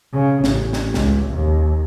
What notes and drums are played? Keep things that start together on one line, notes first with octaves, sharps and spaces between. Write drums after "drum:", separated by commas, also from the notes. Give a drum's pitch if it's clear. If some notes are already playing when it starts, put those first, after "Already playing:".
C#3
A1, drum: snare
drum: snare
C#2, drum: snare
D#2